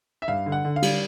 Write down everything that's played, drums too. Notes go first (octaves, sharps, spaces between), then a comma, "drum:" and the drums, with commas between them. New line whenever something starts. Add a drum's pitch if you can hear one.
E5
G2 F5
D3
F#5
D3
F5
G3, drum: cymbal